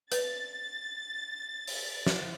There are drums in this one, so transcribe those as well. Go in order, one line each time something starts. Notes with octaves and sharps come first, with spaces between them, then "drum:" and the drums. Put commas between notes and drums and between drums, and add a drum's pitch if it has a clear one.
B4 A6, drum: hi-hat
drum: open hi-hat
drum: snare